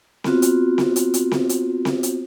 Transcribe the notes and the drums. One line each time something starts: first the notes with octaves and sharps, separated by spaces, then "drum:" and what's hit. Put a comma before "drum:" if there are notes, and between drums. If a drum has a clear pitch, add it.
B3 C4 F4 F#4, drum: snare C4
drum: hi-hat
drum: snare C4
drum: hi-hat
drum: hi-hat
drum: snare C4
drum: hi-hat
drum: snare C4
drum: hi-hat